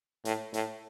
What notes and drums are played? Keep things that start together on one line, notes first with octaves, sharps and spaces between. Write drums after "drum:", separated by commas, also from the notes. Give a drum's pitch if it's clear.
A2, drum: hi-hat
A2, drum: hi-hat